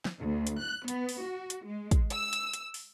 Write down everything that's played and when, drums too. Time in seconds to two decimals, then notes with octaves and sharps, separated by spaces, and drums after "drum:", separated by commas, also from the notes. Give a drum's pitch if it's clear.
0.05 drum: snare
0.20 D2
0.47 drum: hi-hat
0.59 F#6
0.88 B3, drum: hi-hat
1.09 drum: open hi-hat
1.20 F#4
1.50 drum: hi-hat
1.67 G#3
1.91 drum: kick, hi-hat
2.10 E6, drum: hi-hat
2.33 drum: hi-hat
2.53 drum: hi-hat
2.74 drum: open hi-hat